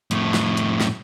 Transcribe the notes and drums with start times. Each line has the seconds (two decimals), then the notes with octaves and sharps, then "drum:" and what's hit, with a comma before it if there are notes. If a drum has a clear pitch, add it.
0.11 F2 A2, drum: hi-hat
0.34 drum: snare
0.57 drum: hi-hat
0.81 drum: snare